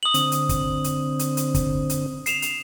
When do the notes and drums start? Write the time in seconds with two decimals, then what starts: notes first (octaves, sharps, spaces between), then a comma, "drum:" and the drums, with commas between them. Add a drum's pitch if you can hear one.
0.03 D#6 F#7
0.14 D3 C4, drum: hi-hat
0.32 drum: hi-hat
0.49 drum: kick, hi-hat
0.84 drum: hi-hat
1.19 drum: hi-hat
1.37 drum: hi-hat
1.54 drum: kick, hi-hat
1.90 drum: hi-hat
2.26 C7 E7 F7, drum: hi-hat
2.42 drum: hi-hat